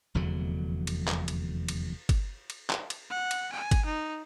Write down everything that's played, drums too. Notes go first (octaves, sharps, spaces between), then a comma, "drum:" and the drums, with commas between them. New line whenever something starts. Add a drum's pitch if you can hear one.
F1 E2 D3 F#3
drum: cymbal
drum: clap
drum: cymbal
drum: cymbal
drum: kick, cymbal
drum: cymbal
drum: clap
drum: cymbal
F#5
drum: cymbal
G#5
drum: kick, cymbal
D#4